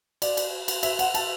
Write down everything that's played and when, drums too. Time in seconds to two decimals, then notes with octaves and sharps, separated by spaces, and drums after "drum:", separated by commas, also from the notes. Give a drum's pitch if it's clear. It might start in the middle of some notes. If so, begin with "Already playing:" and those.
0.22 D5, drum: cymbal
0.37 drum: cymbal
0.68 drum: cymbal
0.83 E5, drum: cymbal
0.99 F#5, drum: cymbal
1.14 A5, drum: cymbal